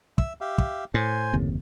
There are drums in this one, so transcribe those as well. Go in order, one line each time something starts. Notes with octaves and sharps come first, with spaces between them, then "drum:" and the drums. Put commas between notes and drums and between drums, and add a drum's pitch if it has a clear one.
E5 E6, drum: kick
G4 E5 F5
drum: kick
A2 C5 G#5
F#1 D#2 C3